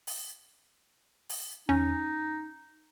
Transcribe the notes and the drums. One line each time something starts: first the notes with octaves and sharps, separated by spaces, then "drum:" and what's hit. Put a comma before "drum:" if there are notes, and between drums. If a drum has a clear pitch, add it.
drum: open hi-hat
drum: open hi-hat
C#4 D#4, drum: tom E2